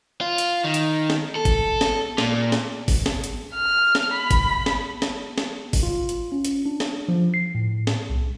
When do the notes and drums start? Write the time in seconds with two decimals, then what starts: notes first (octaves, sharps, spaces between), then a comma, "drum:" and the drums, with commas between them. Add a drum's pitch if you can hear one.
0.21 F4
0.38 drum: hi-hat
0.64 D#3
0.74 drum: hi-hat
1.10 drum: snare
1.35 A4
1.45 drum: kick, hi-hat
1.81 drum: snare
2.18 A#2, drum: snare
2.52 drum: snare
2.88 drum: kick, open hi-hat
3.06 drum: snare
3.24 drum: hi-hat
3.54 F6
3.95 drum: snare
4.14 B5
4.31 drum: kick, hi-hat
4.66 drum: snare
5.02 drum: snare
5.38 drum: snare
5.73 drum: kick, open hi-hat
5.83 F4
6.09 drum: hi-hat
6.32 C#4
6.45 drum: hi-hat
6.66 D4
6.80 drum: snare
7.09 F3
7.34 C7
7.55 A2
7.87 drum: snare
8.10 C2